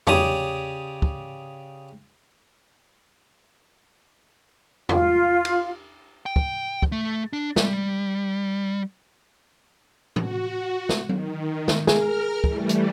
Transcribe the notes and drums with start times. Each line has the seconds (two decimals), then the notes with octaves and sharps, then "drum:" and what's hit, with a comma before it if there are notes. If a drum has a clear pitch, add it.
0.07 C#3 G4 C#5 D5 D#6, drum: tom E2
1.02 drum: kick
4.89 F4, drum: tom E2
5.45 drum: cymbal
6.26 G5
6.36 drum: kick
6.82 drum: kick
6.92 A3
7.33 D4
7.56 G3, drum: snare
10.16 F#4, drum: tom A2
10.89 drum: snare
11.09 D#3, drum: tom F#3
11.68 drum: snare
11.87 G#4 A#4 F6, drum: snare
12.44 E3 G3 A3, drum: kick
12.69 drum: hi-hat